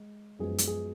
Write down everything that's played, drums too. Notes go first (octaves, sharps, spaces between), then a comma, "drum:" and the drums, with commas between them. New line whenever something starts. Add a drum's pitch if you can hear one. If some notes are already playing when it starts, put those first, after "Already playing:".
Already playing: G#3
F#2 F3 G#3 B3 G#4
drum: hi-hat
G#4